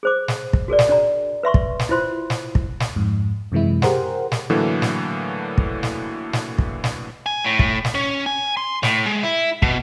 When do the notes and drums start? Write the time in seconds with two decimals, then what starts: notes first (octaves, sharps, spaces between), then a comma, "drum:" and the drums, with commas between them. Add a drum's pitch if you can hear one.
0.03 G#4 C5 D6
0.28 drum: snare
0.53 drum: kick
0.68 F#4 G#4 A#4 D5
0.79 drum: snare
0.89 D4 D5 A#5
1.43 B4 E5 C6 C#6
1.54 drum: kick
1.79 drum: snare
1.89 E4 F4 C5 C6
2.30 drum: snare
2.55 drum: kick
2.80 drum: snare
2.96 F2 G#2
3.52 F#2 C3 E3 G#3 E4
3.82 G4 G#4 A#4 C5 F#5, drum: snare
4.32 drum: snare
4.50 A2 D3 E3 F#3 A3 A#3
4.82 drum: snare
5.58 drum: kick
5.83 drum: snare
6.33 drum: snare
6.58 drum: kick
6.84 drum: snare
7.26 G#5
7.44 A2
7.59 drum: kick
7.85 drum: snare
7.95 C#4
8.26 G#5
8.57 C6
8.83 A2, drum: snare
9.06 G#3
9.23 E4
9.62 B2, drum: kick